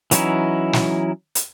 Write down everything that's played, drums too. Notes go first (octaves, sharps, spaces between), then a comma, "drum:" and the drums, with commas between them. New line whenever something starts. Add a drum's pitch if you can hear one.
E3 F#3 C#4 D#4 E4, drum: hi-hat
drum: snare
drum: hi-hat